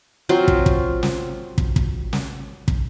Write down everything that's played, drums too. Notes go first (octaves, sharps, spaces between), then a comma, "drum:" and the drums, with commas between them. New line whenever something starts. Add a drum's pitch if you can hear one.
F#3 C4 F4
drum: kick
drum: kick
drum: snare
drum: kick
drum: kick
drum: snare
drum: kick